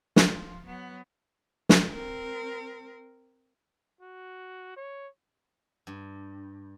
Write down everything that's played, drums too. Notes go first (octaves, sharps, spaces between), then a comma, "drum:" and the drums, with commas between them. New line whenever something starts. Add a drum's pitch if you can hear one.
F3 F4, drum: snare
F#3 B3
drum: snare
C4 A#4
F#4
C#5
G2